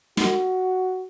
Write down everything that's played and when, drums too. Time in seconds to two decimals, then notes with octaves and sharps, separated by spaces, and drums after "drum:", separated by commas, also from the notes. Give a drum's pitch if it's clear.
0.17 F#4, drum: snare